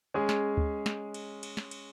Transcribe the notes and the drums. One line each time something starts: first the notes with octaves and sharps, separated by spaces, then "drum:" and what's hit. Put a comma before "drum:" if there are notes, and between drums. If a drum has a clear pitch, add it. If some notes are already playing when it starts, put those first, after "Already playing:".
G#3 C#4 G#4
drum: snare
drum: kick D2
drum: snare
drum: cymbal
drum: cymbal
drum: snare
drum: cymbal